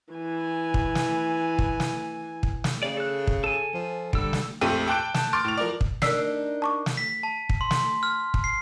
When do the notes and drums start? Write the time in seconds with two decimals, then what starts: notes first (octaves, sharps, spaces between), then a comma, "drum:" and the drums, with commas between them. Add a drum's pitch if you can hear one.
0.13 E3 G#5
0.74 drum: kick
0.95 drum: snare
1.59 drum: kick
1.80 drum: snare
2.43 drum: kick
2.64 drum: snare
2.83 C#3 D5
2.97 A4 F#6
3.27 drum: kick
3.44 A4 G#5
3.74 F3
4.13 D3 G3 E6, drum: kick
4.33 drum: snare
4.61 A#1 F2 A3 C4 G4 D#7
4.88 G5 A5 D6 F#6 G6 D7
5.14 A5, drum: snare
5.33 C6 D6 F6 A6 D7
5.44 A2 F7
5.57 F3 A#4 D5
5.81 drum: kick
6.02 D4 D#4 A#4 E6 B6 C7, drum: snare
6.62 A5 C#6 D6
6.86 drum: snare
6.97 B6
7.23 A5
7.49 drum: kick
7.61 C6
7.71 drum: snare
8.03 F6
8.34 drum: kick
8.44 C7